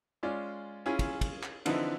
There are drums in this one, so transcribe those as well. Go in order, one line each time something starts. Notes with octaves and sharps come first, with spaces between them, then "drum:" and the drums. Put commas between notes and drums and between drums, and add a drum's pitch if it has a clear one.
G#3 C#4 F4 D5
C#4 E4 F4 G#4
drum: kick, cymbal
drum: kick, cymbal
drum: clap
D3 E3 F3 C4 D#4 E4, drum: cymbal